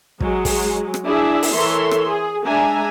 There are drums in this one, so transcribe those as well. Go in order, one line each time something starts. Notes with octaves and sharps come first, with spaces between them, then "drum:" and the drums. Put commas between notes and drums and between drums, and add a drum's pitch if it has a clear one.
F#3 G#3, drum: kick
drum: kick, open hi-hat
drum: rim click
D4 E4 G#4 E5
drum: open hi-hat
E3 A4 A#4 C#5 E5 C6
drum: rim click
G#4
G#3 D4 E5 G#5 A#5